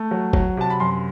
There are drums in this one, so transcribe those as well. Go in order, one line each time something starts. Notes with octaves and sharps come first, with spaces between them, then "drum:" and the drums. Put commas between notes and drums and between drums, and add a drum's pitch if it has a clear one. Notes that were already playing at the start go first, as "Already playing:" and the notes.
Already playing: A3
F#3
F#3, drum: kick
C3 A5
B5
F#2 C6